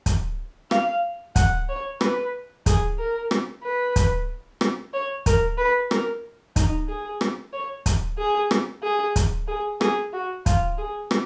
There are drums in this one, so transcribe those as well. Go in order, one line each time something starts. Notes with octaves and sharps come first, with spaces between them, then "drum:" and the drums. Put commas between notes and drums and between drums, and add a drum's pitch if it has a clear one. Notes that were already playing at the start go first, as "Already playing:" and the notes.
drum: kick, hi-hat
F5, drum: rim click
F#5, drum: kick, hi-hat
C#5
B4, drum: rim click
G#4, drum: kick, hi-hat
A#4
drum: rim click
B4
drum: kick, hi-hat
drum: rim click
C#5
A#4, drum: kick, hi-hat
B4
A#4, drum: rim click
D#4, drum: kick, hi-hat
G#4
drum: rim click
C#5
drum: kick, hi-hat
G#4
drum: rim click
G#4
drum: kick, hi-hat
G#4
G#4, drum: rim click
F#4
F4, drum: kick, hi-hat
G#4
drum: rim click